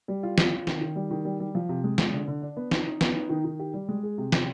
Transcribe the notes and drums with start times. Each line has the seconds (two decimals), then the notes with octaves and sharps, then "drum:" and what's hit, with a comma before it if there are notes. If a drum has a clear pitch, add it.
0.08 G3
0.23 F4
0.38 F4, drum: snare
0.52 F4
0.67 D#3, drum: snare
0.81 D#3
0.96 G3
1.11 D#3
1.25 G3
1.40 G3
1.55 F3
1.69 C3
1.84 G#3
1.98 G#3, drum: snare
2.13 D3
2.28 D3
2.42 D4
2.57 B3
2.71 D#4, drum: snare
2.86 D#4
3.01 B3, drum: snare
3.15 D#4
3.29 D#3
3.45 D#3
3.59 G4
3.74 G3
3.88 G#3
4.03 G#4
4.18 C3
4.32 C4, drum: snare